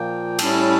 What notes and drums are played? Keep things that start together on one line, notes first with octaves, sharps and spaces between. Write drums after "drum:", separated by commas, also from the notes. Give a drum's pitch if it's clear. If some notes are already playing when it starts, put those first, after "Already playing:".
Already playing: A#2 F3 A#3 G5
A2 G3 C#4 E4 A5, drum: cymbal